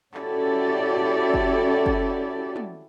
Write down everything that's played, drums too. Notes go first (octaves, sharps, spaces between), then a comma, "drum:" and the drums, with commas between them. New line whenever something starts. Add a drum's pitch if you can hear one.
C#4 E4 F#4 G4 A4 D5, drum: clap
drum: kick
drum: kick
drum: tom